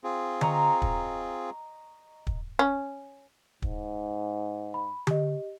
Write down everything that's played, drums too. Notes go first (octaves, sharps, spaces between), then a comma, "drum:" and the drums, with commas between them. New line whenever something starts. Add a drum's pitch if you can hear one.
C4 F4 G#4
D#5 A#5 C#6, drum: tom D3
drum: kick
drum: kick
C#4
G#2, drum: kick
B5
G4 D#5, drum: tom D3